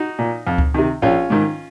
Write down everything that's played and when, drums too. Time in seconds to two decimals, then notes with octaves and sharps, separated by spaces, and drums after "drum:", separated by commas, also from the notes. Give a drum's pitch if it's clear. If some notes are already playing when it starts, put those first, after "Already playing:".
Already playing: D#4 F#4
0.19 A#2
0.47 F2
0.58 drum: kick C#2
0.74 C3 D#3
1.02 A#1 C#4 F4
1.30 G#2 D#3